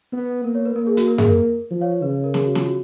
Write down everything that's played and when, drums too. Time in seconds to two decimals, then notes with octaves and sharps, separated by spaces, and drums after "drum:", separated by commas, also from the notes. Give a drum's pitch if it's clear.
0.12 B3 B4
0.44 A#3 A#4
0.55 C#5
0.65 B4
0.76 A#3 A#4
0.87 G#4
0.97 F#4, drum: hi-hat
1.08 A#4
1.18 G#4, drum: tom F#2
1.29 A#4
1.71 F3
1.81 C#5 F5
1.92 C#5
2.02 C#3 B4
2.24 A#4
2.34 G#4, drum: snare
2.44 F#4
2.55 F4, drum: snare
2.66 F#4